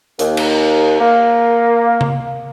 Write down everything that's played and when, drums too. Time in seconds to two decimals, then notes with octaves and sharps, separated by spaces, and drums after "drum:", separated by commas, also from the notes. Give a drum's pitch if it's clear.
0.19 D#2, drum: hi-hat
0.37 drum: cymbal
1.00 A#3
2.01 drum: tom C#3